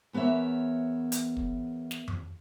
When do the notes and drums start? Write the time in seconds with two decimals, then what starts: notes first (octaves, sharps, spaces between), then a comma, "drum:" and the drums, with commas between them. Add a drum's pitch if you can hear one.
0.13 E2 B3 A#4 C#5 E5
1.12 drum: hi-hat
1.37 drum: kick
1.91 drum: snare
2.08 drum: tom F2